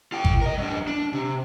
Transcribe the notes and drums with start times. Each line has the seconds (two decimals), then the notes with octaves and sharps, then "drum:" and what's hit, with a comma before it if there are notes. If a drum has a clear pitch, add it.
0.12 F4 G5
0.25 drum: kick G#1
0.41 A#4 D#5
0.58 F#3 D4
0.87 D4
1.13 C3